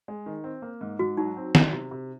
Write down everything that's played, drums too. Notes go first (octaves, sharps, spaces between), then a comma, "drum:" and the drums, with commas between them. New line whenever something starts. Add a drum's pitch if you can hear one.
G#3
D#3
C4
A#3
G#2
G#2 F#4
F#3 D#4
C4
F#3, drum: snare
C3
C3